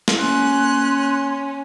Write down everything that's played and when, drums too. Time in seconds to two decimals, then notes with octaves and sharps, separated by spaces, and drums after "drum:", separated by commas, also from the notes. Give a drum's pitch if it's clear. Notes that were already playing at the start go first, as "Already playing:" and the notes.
0.08 drum: snare
0.18 A#3 C#4 C6 F#6